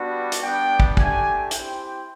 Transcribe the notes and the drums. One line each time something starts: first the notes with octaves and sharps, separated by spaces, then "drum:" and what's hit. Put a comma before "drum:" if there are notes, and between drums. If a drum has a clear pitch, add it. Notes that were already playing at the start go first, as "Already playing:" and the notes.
Already playing: G3 B3 D4 F#4
drum: hi-hat
G3 B3 D4 G5
drum: kick
A3 D4 G4 G#5, drum: kick
C4 E4 G4 G5, drum: hi-hat